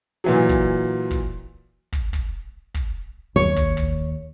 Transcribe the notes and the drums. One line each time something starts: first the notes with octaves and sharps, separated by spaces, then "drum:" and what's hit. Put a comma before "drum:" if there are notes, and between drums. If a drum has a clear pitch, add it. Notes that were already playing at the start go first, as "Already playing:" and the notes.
A#2 E3 F#3
drum: kick
drum: kick
drum: kick
drum: kick
drum: kick
D#2 C#5
drum: kick
drum: kick